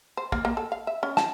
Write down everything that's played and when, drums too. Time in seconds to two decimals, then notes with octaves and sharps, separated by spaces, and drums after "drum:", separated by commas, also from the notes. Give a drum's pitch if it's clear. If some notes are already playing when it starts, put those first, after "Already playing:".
0.17 C5
0.32 A#3, drum: kick
0.45 A#3
0.57 A4
0.72 F5
0.87 E5
1.03 C#4
1.17 A5, drum: snare